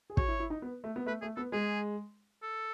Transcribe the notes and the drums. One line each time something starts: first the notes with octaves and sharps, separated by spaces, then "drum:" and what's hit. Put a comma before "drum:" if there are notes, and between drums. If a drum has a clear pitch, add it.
G#4
F#4 C#5, drum: kick
E4
E4
D#4
B3
A3
B3
A3 B4
A3 G#4
B3 A4
G#3 G#4
A4